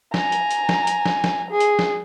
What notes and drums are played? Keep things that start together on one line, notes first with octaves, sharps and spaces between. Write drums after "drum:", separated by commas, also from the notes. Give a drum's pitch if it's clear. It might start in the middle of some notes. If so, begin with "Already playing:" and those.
G#5 A#5, drum: snare
drum: hi-hat
drum: hi-hat
drum: snare
drum: hi-hat
drum: snare
drum: snare
G#4
drum: hi-hat
drum: snare